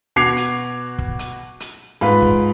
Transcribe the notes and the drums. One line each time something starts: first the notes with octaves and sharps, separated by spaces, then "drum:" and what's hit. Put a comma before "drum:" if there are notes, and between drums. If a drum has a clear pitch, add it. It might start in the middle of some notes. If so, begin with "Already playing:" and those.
B2 F#4 D6 G#6 C7 F7
drum: hi-hat
drum: kick
drum: hi-hat
drum: hi-hat
G#2 F4 B4
drum: kick